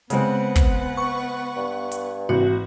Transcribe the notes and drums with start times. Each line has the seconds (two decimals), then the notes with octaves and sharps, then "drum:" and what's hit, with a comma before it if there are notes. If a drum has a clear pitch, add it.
0.10 C#3 G#3 B3 C4 B4 F#5, drum: hi-hat
0.55 drum: kick, hi-hat
0.97 C#6
1.57 G2
1.92 drum: hi-hat
2.29 G#1 E3 F#4